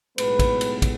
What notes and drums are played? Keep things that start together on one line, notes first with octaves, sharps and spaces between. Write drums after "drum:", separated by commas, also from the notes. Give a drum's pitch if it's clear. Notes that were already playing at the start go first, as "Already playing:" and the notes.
B1 A2 G#3 B3 B4, drum: cymbal
drum: kick, cymbal
drum: cymbal
drum: kick, cymbal